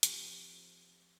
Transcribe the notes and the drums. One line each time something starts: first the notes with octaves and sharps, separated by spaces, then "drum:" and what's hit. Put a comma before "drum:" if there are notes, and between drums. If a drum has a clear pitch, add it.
F3 C4 G4 A4, drum: hi-hat